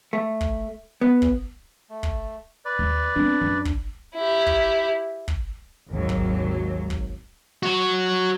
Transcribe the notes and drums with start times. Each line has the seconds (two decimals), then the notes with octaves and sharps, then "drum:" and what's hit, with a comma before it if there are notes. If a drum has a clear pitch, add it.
0.13 A3
0.41 drum: kick
1.01 B3
1.22 drum: kick
1.90 A3
2.03 drum: kick
2.65 B4 D5
2.79 D#2
3.16 B3 C4 D4
3.41 F#2
3.65 drum: kick
4.15 E4 G4
4.46 drum: kick
5.28 drum: kick
5.92 G#1 D#2 F#3
6.09 drum: kick
6.90 drum: kick
7.63 F#4 C#5